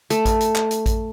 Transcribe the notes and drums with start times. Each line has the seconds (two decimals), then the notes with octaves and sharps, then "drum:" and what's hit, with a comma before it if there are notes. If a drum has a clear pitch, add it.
0.10 A3, drum: hi-hat
0.25 drum: kick A1, hi-hat
0.41 drum: hi-hat
0.56 drum: clap
0.71 drum: hi-hat
0.86 drum: kick A1, hi-hat